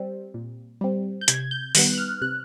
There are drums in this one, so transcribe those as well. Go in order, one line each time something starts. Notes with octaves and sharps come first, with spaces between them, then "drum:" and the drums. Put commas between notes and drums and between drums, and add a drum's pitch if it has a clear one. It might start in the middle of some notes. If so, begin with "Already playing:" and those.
Already playing: G3 C4
A#2
G3 C4
G6
C3 G#6, drum: hi-hat
G6
D#3 G3 B3 F#6, drum: open hi-hat
F#6
F6
C3 F#6